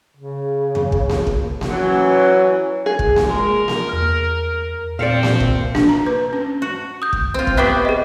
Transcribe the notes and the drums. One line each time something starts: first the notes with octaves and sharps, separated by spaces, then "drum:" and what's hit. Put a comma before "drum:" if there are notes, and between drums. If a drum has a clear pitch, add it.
C#3
drum: tom F2
drum: kick
drum: snare A#3
drum: kick
drum: snare A#3
E3 F#3 C#4
G#4
drum: kick
drum: snare A#3
G#3 A#4
drum: snare A#3
E2 F6
A#2 C4 D5 E5 F5 C#7
drum: snare A#3
drum: kick
D4, drum: snare A#3
A#5
B4
C#4
F#4
D#6 G6
drum: kick
C4 F4
drum: kick
B3 F#4 G4 E5 G5 D6
G#4 D#5